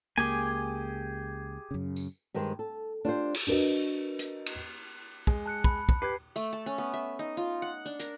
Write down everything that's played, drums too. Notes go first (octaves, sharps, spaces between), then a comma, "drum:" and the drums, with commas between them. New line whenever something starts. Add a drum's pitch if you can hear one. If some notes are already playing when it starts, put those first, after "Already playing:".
C#2 A#3 G4 G#4 G#5
F#2 C#3
drum: tambourine
G2 D#3 G#3 G4 C5
A4
D4 F4 G4 C5
drum: cymbal
D4 F#4 A#4 B4 D#5
drum: hi-hat
drum: cymbal
G#3, drum: kick
A5 F#6 C#7
B5, drum: kick
drum: kick
G4 B4 G#6 C7
A3, drum: tambourine
A5
C#4
B3
E5
D#4
F4
F#5
D4
A#4, drum: hi-hat